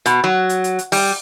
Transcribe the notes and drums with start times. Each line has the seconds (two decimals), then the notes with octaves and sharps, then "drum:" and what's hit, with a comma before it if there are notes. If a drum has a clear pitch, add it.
0.06 B2, drum: hi-hat
0.24 F#3
0.49 drum: hi-hat
0.64 drum: hi-hat
0.79 drum: hi-hat
0.92 G3, drum: open hi-hat